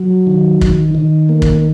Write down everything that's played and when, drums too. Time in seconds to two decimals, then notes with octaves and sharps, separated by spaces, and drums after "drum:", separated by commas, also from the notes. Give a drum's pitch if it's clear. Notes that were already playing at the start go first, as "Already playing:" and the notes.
Already playing: F#3
0.27 D#3
0.61 D#3, drum: kick
0.95 D#3
1.29 A#3
1.42 drum: kick